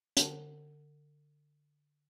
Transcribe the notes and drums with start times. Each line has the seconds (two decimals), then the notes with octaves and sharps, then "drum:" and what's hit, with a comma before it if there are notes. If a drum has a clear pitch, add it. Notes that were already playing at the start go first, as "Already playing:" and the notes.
0.17 D3 F#5 A5, drum: hi-hat